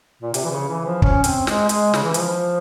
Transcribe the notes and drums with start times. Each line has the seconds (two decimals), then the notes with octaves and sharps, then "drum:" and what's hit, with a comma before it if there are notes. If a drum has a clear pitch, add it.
0.22 A#2
0.34 C3, drum: hi-hat
0.45 E3
0.51 C#3
0.68 E3
0.86 F3
1.02 C#4, drum: kick
1.24 C4, drum: hi-hat
1.47 G#3, drum: snare
1.69 G#3, drum: hi-hat
1.94 C#3, drum: snare
2.03 E3
2.14 F3, drum: hi-hat